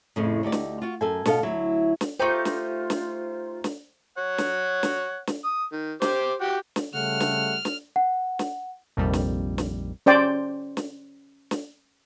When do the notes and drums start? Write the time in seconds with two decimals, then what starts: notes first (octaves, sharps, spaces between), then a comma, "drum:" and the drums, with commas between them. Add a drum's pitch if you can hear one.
0.16 F2 A2 C#3
0.43 D2 D#4 G4 D5
0.52 drum: snare
0.82 F4 F#4
1.01 F#2 A4 G#5
1.25 B2 A4 F5, drum: snare
1.43 D2 F#3 E4
2.01 drum: snare
2.19 A3 D#4 F4 G4 C5
2.45 drum: snare
2.90 drum: snare
3.64 drum: snare
4.18 C#5 F#5
4.38 drum: snare
4.83 drum: snare
5.27 drum: snare
5.44 D#6
5.72 D#3
6.02 G4 C5 D6, drum: snare
6.41 F#4 G4 G5
6.76 drum: snare
6.94 C#3 G3 A3 F#5 F6
7.20 drum: snare
7.65 drum: snare
7.96 F#5
8.39 drum: snare
8.97 A#1 F2 C3 D#3 G3
9.13 drum: snare
9.58 drum: snare
10.06 C#4 C5 D5 G5
10.77 drum: snare
11.51 drum: snare